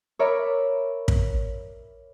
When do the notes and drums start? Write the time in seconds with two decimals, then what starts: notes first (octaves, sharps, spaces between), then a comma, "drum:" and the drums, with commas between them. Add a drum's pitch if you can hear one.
0.19 A#4 C#5 D5 E5 B5
1.08 drum: kick